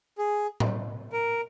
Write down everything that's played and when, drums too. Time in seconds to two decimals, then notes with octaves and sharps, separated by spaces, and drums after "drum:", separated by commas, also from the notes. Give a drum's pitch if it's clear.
0.18 G#4
0.60 drum: tom
1.13 A#4